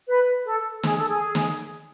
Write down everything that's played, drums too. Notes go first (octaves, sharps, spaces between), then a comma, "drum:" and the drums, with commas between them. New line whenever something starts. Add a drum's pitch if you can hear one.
B4
A4
G#4, drum: snare
A4
G#4
drum: snare